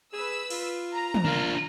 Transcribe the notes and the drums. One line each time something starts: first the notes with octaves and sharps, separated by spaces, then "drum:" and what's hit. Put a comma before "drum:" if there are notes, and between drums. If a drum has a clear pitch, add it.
G#4 B4 E6
F4, drum: cymbal
A#5
drum: tom
D4 F4 A#4